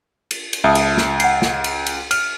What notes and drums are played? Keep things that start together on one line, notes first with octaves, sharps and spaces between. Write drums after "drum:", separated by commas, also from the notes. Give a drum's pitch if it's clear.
drum: cymbal
drum: cymbal
C#2 E5 A5 D#6
drum: cymbal
drum: snare
F#5 C7, drum: cymbal
drum: snare
drum: cymbal
drum: cymbal
F6, drum: cymbal